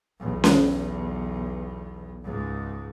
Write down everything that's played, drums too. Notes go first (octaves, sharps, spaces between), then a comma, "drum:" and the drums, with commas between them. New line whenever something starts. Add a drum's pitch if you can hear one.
B1 E2
drum: snare C#4
C#2 G#2